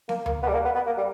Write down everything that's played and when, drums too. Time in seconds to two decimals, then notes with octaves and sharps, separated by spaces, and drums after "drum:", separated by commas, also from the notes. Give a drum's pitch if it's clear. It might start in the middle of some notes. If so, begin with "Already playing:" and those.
0.09 A#3, drum: snare B3
0.26 A#3, drum: tom D2
0.43 B3
0.48 G3
0.54 A#3
0.65 B3
0.75 B3
0.86 A#3
0.97 G3